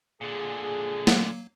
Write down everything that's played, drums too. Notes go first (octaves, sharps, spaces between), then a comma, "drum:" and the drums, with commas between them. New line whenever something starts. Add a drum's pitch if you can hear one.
A#2 D3 G#4
F#3 A#3, drum: snare